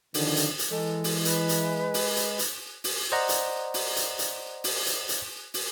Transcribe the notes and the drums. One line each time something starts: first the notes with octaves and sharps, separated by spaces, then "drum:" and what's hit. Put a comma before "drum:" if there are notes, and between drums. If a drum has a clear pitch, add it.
F2 D3 D#3, drum: open hi-hat
drum: hi-hat
drum: hi-hat
E3 G#3 A4
drum: open hi-hat
B4, drum: hi-hat
drum: hi-hat
drum: open hi-hat
drum: hi-hat
drum: hi-hat
drum: open hi-hat
C5 D5 D#5 F#5 A#5
drum: hi-hat
drum: open hi-hat
drum: hi-hat
drum: hi-hat
drum: open hi-hat
drum: hi-hat
drum: hi-hat
drum: open hi-hat